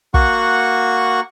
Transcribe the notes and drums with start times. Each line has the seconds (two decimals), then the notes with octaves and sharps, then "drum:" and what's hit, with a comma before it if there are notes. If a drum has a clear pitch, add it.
0.14 A#3 F#4 F#5 C#6, drum: kick